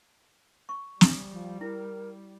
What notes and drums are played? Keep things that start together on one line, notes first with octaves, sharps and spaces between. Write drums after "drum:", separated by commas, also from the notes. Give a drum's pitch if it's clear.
C#6
G3, drum: snare
F3
E4 A#4